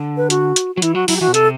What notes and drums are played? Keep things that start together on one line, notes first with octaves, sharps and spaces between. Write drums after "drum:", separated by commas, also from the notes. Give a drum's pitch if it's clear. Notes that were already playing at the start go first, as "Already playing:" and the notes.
Already playing: D3
B4
F#4, drum: hi-hat
drum: hi-hat
F#3 F#4
E3 E4, drum: hi-hat
F#3 F#4
F#3 E4, drum: open hi-hat
G4
E3 F#4
B2
C3 A4, drum: hi-hat